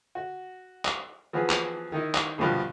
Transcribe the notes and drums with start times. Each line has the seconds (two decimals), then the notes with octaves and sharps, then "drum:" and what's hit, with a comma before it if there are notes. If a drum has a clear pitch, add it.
0.15 F#4
0.85 drum: clap
1.33 E3 F3 B3 F#4 G#4
1.50 drum: clap
1.92 D#3 D#4 E4
2.14 drum: clap
2.38 A#1 G2 B2 F3